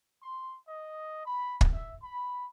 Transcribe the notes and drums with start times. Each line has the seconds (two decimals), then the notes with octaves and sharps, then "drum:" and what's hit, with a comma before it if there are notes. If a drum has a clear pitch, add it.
0.22 C6
0.68 D#5
1.24 B5
1.61 drum: kick
1.72 E5
2.03 B5